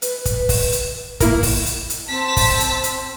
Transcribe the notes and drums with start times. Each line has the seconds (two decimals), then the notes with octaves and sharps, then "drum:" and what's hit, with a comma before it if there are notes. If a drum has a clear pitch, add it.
0.02 B4, drum: hi-hat
0.25 drum: kick, hi-hat
0.49 drum: kick, open hi-hat
0.72 drum: hi-hat
1.20 A#3 E4 A#4, drum: kick, hi-hat
1.43 drum: kick, open hi-hat
1.66 drum: hi-hat
1.90 drum: hi-hat
2.09 C4 A5 B6
2.37 drum: kick, open hi-hat
2.60 drum: hi-hat
2.83 drum: hi-hat